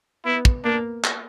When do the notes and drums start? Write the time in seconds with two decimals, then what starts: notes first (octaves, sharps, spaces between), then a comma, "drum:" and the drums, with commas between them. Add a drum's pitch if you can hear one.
0.25 B3 E4
0.45 drum: kick
0.64 A#3 D4
1.04 drum: clap